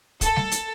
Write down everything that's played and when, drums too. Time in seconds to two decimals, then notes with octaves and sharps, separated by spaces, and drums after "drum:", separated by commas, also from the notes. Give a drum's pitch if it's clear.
0.21 A4, drum: kick, hi-hat
0.36 drum: snare G3
0.52 drum: hi-hat